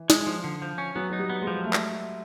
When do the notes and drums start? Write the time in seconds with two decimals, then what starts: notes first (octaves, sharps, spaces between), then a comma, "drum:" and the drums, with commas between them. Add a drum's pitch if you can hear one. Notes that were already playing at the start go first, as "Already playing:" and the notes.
Already playing: E3
0.10 G#3, drum: snare
0.27 F3
0.44 D3
0.62 F3
0.78 C#4
0.95 F#3 B3
1.10 F#3 D#4
1.19 G3
1.30 B3
1.42 G#3
1.47 F3
1.64 A3
1.73 drum: clap